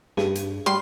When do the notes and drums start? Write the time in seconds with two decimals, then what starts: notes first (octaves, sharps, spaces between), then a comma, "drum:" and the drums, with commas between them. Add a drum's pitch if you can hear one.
0.17 G2 G#4, drum: snare
0.35 drum: hi-hat
0.66 G3 B5 C6 F6